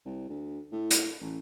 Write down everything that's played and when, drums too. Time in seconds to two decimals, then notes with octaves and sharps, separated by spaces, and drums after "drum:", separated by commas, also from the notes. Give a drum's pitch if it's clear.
0.05 C2
0.29 D2
0.71 A2
0.91 drum: hi-hat
1.21 A1